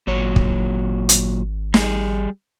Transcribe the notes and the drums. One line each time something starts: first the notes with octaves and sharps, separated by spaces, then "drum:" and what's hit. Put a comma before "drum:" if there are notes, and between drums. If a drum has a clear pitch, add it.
G#1 A#2 F#3 C#5
drum: kick
drum: hi-hat
G3 G#4, drum: snare